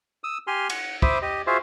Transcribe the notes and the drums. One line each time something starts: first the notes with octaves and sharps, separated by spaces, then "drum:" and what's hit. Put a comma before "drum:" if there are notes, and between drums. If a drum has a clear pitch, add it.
D#6 E6
G4 G#5 C6 F6
F#5, drum: cymbal
C5 E5 B5 D6 D#6, drum: kick
G4 D#5
F4 F#4 G#4 C5 E5 F5